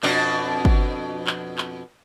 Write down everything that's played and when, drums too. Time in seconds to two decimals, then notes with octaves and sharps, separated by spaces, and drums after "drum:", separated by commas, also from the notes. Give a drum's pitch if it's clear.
0.03 F2 B2 D4, drum: clap
0.65 drum: kick
1.27 drum: clap
1.58 drum: clap